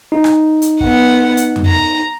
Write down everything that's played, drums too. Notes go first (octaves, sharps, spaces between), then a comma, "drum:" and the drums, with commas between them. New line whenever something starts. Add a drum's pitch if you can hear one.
D#4
drum: rim click
drum: hi-hat
B3 F#5, drum: kick
drum: hi-hat
drum: tom F2
A#5